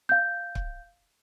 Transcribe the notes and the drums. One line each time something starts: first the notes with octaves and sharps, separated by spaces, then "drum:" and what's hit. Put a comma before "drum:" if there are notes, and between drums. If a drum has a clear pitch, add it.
F5 G6
drum: kick C#1